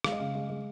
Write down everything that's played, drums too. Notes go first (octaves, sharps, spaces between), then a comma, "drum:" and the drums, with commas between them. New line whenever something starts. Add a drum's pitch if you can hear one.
G#3 F5, drum: rim click
D#5
C#3 F5
G#3
G#3